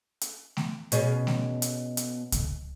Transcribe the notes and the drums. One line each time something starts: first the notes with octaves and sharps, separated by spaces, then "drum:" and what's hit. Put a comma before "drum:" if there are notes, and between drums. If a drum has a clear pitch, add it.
drum: hi-hat
drum: snare A3
B2 C#4 G#4, drum: hi-hat
drum: snare A3
drum: hi-hat
drum: hi-hat
drum: kick C#2, hi-hat